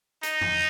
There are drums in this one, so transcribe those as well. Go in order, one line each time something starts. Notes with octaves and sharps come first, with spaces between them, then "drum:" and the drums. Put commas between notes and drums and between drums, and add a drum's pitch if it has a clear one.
D#4, drum: hi-hat
drum: tom F2